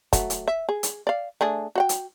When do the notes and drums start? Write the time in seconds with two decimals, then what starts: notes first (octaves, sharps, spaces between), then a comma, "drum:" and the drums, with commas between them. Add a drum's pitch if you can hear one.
0.13 F#3 A3, drum: kick, hi-hat
0.30 drum: hi-hat
0.48 E5
0.69 G#4
0.83 drum: hi-hat
1.07 D5 F5
1.41 A3 D4 G#4
1.75 F#4 F#5 G5
1.89 drum: hi-hat